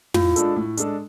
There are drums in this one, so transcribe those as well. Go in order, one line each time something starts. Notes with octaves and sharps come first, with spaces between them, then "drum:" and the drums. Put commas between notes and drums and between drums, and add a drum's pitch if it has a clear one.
A2 F4, drum: tom
G#3 D4 A4, drum: hi-hat
A2
G#3 D4 A4, drum: hi-hat